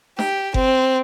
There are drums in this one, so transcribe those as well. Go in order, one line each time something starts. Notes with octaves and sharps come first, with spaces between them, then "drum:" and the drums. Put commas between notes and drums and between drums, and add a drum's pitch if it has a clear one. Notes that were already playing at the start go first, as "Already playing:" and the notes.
G4, drum: snare
C4, drum: kick F#1